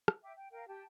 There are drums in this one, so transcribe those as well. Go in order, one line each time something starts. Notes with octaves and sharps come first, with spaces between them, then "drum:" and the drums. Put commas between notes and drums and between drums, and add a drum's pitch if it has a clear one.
drum: rim click
E5 G5 D6
G5
A#4 F5 G5
G4 G5 A5